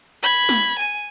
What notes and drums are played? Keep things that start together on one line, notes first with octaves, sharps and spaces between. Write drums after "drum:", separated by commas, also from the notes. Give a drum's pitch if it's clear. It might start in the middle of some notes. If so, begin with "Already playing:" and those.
B5 G#6
drum: snare
G#5